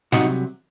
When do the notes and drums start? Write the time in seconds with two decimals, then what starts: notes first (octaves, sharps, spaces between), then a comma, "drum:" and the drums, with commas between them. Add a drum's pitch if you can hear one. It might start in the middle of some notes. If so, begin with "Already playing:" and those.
0.12 C2 C3 F#3 D#4 F#4, drum: snare